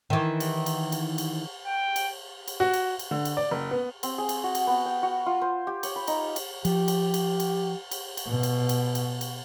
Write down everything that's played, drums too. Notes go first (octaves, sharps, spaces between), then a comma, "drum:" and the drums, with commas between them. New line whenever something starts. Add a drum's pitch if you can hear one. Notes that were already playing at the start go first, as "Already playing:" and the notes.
D#3 E3
drum: cymbal
drum: cymbal
drum: cymbal
drum: cymbal
G5
drum: cymbal
drum: cymbal
F#4
drum: cymbal
drum: cymbal
D3
drum: cymbal
D5
F#1
B3
C4, drum: cymbal
G#4
drum: cymbal
F#4
drum: cymbal
B3
G5
F#4
F4
C5
G4
C#5, drum: cymbal
B5
D#4, drum: cymbal
drum: cymbal
F3 G4, drum: cymbal
drum: cymbal
drum: cymbal
drum: cymbal
drum: cymbal
drum: cymbal
B2
drum: cymbal
drum: cymbal
drum: cymbal
drum: cymbal